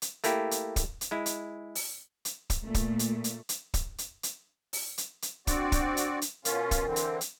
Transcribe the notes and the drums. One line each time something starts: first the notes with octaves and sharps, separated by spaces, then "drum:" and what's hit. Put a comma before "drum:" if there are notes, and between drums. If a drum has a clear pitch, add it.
drum: hi-hat
A3 A#3 E4 G4, drum: hi-hat
drum: hi-hat
drum: kick, hi-hat
drum: hi-hat
G#3 E4
drum: hi-hat
drum: open hi-hat
drum: hi-hat
drum: kick, hi-hat
A#2 A3
drum: kick, hi-hat
drum: hi-hat
drum: hi-hat
drum: hi-hat
drum: kick, hi-hat
drum: hi-hat
drum: hi-hat
drum: open hi-hat
drum: hi-hat
drum: hi-hat
C4 D4 F#4 D5, drum: kick, hi-hat
drum: kick, hi-hat
drum: hi-hat
drum: hi-hat
B2 C#4 F4 A#4, drum: hi-hat
drum: kick, hi-hat
D3 E3 C4
drum: hi-hat
drum: hi-hat